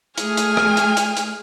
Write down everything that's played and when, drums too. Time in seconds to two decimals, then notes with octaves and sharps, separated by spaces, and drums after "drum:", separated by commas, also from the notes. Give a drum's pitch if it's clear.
0.18 A3 G#4 G#5 F6, drum: hi-hat
0.37 drum: hi-hat
0.57 drum: rim click
0.77 drum: hi-hat
0.97 drum: hi-hat
1.17 drum: hi-hat